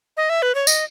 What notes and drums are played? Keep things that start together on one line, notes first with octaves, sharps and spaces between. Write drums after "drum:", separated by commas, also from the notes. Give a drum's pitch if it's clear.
D#5
E5
B4
C#5
D#5, drum: tambourine